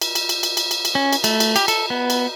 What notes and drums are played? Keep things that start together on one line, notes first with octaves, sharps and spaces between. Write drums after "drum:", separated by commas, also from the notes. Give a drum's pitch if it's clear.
drum: cymbal
drum: cymbal
drum: cymbal
drum: cymbal
drum: cymbal
drum: cymbal
drum: cymbal
C#4
drum: cymbal
A3, drum: cymbal
drum: cymbal
G4, drum: cymbal
A4, drum: cymbal
B3
drum: cymbal